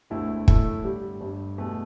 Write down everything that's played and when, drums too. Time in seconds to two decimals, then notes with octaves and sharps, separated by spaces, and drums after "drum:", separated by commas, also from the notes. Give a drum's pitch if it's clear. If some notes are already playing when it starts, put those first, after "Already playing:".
0.10 E1 D2 D3 A3 E4
0.48 A2 A3 E4 A4, drum: kick
0.84 G2 D3 G3
1.21 G1 G2 G3
1.58 E2 B2 A3